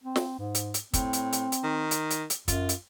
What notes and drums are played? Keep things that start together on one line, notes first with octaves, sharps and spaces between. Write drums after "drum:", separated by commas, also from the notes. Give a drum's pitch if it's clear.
C4
drum: snare
G#2
drum: hi-hat
drum: hi-hat
A2 C4, drum: kick, hi-hat
drum: hi-hat
drum: hi-hat
drum: hi-hat
D#3
drum: hi-hat
drum: hi-hat
drum: hi-hat
F#2 F4, drum: kick, hi-hat
drum: hi-hat